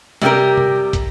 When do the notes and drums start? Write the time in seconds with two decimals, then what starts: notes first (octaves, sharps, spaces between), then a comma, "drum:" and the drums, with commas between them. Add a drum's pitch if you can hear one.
0.22 C3 G3 F4 G4 A#4, drum: snare
0.57 drum: tom C3
0.93 drum: kick, hi-hat